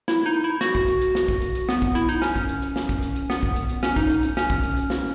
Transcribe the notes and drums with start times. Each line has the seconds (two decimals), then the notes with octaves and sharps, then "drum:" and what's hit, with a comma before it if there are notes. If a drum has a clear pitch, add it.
0.08 E4, drum: snare
0.26 D#4
0.44 E4
0.61 F#4, drum: snare
0.75 drum: kick
0.88 drum: hi-hat
1.02 drum: hi-hat
1.15 drum: snare
1.28 drum: kick, hi-hat
1.42 drum: hi-hat
1.55 drum: hi-hat
1.69 B3, drum: snare
1.82 drum: kick, hi-hat
1.95 E4, drum: hi-hat
2.09 D#4, drum: hi-hat
2.22 C#4, drum: snare
2.36 drum: kick, hi-hat
2.49 drum: hi-hat
2.62 drum: hi-hat
2.76 drum: snare
2.89 drum: kick, hi-hat
3.03 drum: hi-hat
3.16 drum: hi-hat
3.30 B3, drum: snare
3.43 drum: kick
3.56 drum: hi-hat
3.70 drum: hi-hat
3.83 C#4, drum: snare
3.96 D#4, drum: kick, hi-hat
4.10 drum: hi-hat
4.23 drum: hi-hat
4.37 C#4, drum: snare
4.50 drum: kick, hi-hat
4.63 drum: hi-hat
4.77 drum: hi-hat
4.90 drum: snare